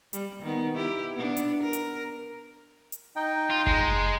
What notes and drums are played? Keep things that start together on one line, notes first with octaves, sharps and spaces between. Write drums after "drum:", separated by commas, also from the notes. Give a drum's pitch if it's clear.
G3, drum: hi-hat
D#3 B3
E4 G4
B3 D4
drum: hi-hat
A#4
drum: hi-hat
drum: hi-hat
D#4 D#5 G5
F4
G#3, drum: kick F#1